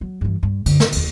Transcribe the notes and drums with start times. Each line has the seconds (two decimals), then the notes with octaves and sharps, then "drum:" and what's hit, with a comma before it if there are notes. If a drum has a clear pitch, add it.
0.01 F#3
0.21 G2 E3
0.43 G2
0.66 F#2 D3, drum: cymbal
0.80 G1 D3, drum: snare
0.92 F1 D#2, drum: cymbal